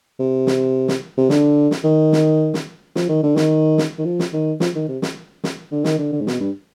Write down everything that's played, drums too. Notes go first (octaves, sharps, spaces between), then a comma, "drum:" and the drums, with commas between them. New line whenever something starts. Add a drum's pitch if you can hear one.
C3
drum: snare
drum: snare
C3
D3, drum: snare
drum: snare
D#3
drum: snare
drum: snare
F3, drum: snare
D#3
D3
D#3, drum: snare
drum: snare
D#3
F3
drum: snare
D#3
F3, drum: snare
D#3
C3
drum: snare
drum: snare
D3
D#3, drum: snare
D3
D3
G#2
B2, drum: snare
G2